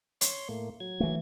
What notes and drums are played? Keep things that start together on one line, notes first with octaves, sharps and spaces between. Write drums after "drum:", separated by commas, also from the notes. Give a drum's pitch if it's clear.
C#5 C6, drum: hi-hat
A2 A3 A#3
F#3 G#6
E3 A3